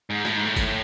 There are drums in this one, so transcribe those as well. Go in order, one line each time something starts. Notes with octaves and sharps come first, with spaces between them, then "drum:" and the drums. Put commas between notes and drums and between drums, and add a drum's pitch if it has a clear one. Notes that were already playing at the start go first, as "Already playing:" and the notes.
G#2
A2, drum: rim click
G#2
A2
drum: kick G1, hi-hat